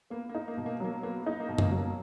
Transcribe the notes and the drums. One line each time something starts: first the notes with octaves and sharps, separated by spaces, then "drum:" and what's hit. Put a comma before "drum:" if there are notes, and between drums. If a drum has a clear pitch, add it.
A#3 B3
A#3
D#4
A#3
B2
A#3
F#3 A#3
A#3 B3
A#3
D#4
A#3
B2
A#3, drum: tom F#2
F#3
A#3